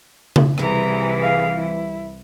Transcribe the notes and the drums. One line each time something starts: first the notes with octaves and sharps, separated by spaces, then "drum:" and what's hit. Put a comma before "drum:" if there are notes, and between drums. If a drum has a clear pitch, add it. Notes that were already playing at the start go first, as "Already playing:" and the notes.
drum: tom C#3
C2 E3 G#4 A#5, drum: rim click
G#4 F5
E4